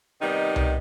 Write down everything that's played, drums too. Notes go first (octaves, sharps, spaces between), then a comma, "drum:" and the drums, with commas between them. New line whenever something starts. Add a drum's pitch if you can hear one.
C3 D#3 G3 B3 D#4
drum: tom C2